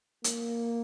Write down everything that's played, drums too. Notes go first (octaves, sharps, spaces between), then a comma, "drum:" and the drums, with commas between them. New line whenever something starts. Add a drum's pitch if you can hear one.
A#3, drum: hi-hat